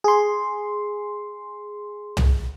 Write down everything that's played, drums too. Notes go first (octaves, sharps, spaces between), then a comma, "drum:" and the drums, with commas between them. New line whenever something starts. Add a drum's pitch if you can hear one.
G#4 C6
drum: tom